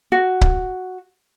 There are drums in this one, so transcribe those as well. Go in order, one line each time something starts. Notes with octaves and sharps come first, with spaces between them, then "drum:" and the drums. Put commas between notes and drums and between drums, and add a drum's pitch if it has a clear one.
F#4
drum: kick C#1